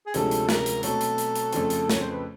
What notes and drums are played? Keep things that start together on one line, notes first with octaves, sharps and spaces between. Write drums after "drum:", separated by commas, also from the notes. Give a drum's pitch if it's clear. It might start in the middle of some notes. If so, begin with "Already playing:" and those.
G#4
D2 C3 F3 G#3 C#4 A4, drum: hi-hat
drum: hi-hat
A#4, drum: snare
drum: hi-hat
B2 F#3 A3 C4 A4, drum: hi-hat
drum: hi-hat
drum: hi-hat
drum: hi-hat
F2 C#3 F3 A3 C4, drum: hi-hat
drum: hi-hat
C#5, drum: snare
C5
B4